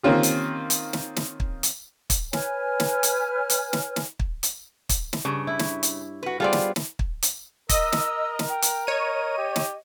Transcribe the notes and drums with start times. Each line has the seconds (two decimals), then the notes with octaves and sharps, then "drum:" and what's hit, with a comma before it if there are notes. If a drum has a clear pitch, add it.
0.03 D#3 A#3 C4 C#4 F4 G4
0.23 drum: hi-hat
0.70 drum: hi-hat
0.93 drum: snare
1.16 drum: snare
1.40 drum: kick
1.63 drum: hi-hat
2.10 drum: kick, hi-hat
2.33 B4 C#5 G#5 F6, drum: snare
2.80 drum: snare
3.03 drum: hi-hat
3.50 drum: hi-hat
3.73 drum: snare
3.96 drum: snare
4.19 drum: kick
4.43 drum: hi-hat
4.89 drum: kick, hi-hat
5.13 drum: snare
5.25 G2 C#3 D4
5.47 E4
5.59 drum: snare
5.83 drum: hi-hat
6.23 F#4 B4
6.40 G3 B3 C4 F4 G#4 D5
6.53 drum: snare
6.76 drum: snare
6.99 drum: kick
7.23 drum: hi-hat
7.69 A#4 D#5 E6, drum: kick, hi-hat
7.92 drum: snare
8.39 drum: snare
8.49 G5
8.62 drum: hi-hat
8.87 C#5 D#5 D#7
9.38 G4
9.56 drum: snare